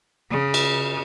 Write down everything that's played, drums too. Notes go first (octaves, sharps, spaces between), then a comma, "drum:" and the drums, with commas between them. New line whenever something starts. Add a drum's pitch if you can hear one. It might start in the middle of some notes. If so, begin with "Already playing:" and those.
C#3
drum: cymbal